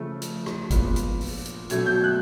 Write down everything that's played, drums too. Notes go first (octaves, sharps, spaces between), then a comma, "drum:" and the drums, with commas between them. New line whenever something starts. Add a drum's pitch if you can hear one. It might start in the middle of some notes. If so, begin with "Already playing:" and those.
Already playing: C#3 F3 A3
drum: hi-hat
drum: rim click
A#2 F3 G#3 B3, drum: kick G1, hi-hat
drum: hi-hat
drum: open hi-hat
drum: hi-hat
B2 F#3 A3 G#6, drum: hi-hat
G6
F#6